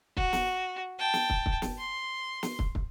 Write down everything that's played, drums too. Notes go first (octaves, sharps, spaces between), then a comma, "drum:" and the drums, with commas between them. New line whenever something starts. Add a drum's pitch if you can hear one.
F#4, drum: kick
drum: snare
G5 A5
drum: snare
drum: kick
drum: kick
drum: snare
C6
drum: snare
drum: kick
drum: kick